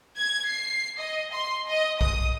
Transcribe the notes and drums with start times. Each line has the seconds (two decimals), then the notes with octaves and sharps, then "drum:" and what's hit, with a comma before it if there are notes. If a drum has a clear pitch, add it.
0.18 G#6
0.49 C7
0.98 D#5
1.33 C6
1.68 D#5
2.01 D#6, drum: kick B1